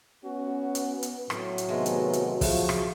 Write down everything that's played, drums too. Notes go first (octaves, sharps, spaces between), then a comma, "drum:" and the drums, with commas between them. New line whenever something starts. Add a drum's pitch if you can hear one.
B3 C#4 F#4
drum: hi-hat
drum: hi-hat
A2 F#3, drum: rim click
drum: hi-hat
C3 D#3 G#3 A3 B3 F4
drum: hi-hat
drum: hi-hat
C#3 F3 A3 F4 F#4, drum: kick, open hi-hat
drum: rim click